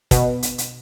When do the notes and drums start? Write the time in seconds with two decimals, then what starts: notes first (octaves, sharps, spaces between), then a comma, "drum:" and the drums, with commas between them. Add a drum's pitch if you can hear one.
0.11 B2, drum: kick, hi-hat
0.43 drum: hi-hat
0.58 drum: hi-hat